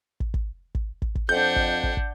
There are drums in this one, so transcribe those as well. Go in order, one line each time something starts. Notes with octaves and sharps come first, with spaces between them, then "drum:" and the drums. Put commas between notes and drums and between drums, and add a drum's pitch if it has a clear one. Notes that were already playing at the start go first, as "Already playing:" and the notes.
drum: kick
drum: kick
drum: kick
drum: kick
drum: kick
F2 D4 F#5 G6
drum: kick
drum: kick
drum: kick